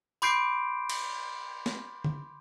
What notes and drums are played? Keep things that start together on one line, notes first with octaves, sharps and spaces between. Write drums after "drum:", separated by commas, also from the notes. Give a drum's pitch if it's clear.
B5 C6 D6 G6 C7 D7, drum: tambourine
drum: cymbal
drum: snare
drum: tom D3